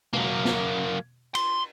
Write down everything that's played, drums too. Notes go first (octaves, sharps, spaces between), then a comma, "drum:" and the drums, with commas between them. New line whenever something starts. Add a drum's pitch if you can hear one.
F#3 A#3, drum: tom
drum: snare
C6, drum: cymbal